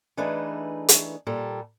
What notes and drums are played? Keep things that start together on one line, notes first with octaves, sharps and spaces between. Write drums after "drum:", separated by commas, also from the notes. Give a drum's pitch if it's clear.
E3 A3 D4 D#4 G#4 B4
drum: hi-hat
A#2 G3 A4